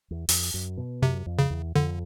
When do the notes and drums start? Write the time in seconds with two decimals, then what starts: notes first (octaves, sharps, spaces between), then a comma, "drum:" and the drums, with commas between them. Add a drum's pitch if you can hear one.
0.11 E2
0.29 F2, drum: open hi-hat
0.54 F#2
0.77 B2
1.02 F#2 C3
1.26 F2
1.39 C#3
1.50 E2
1.76 F2 D3